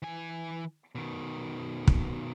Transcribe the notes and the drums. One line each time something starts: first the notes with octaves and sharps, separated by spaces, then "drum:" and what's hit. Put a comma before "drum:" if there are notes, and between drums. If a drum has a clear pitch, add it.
E3 G#5
B2 D#3
drum: kick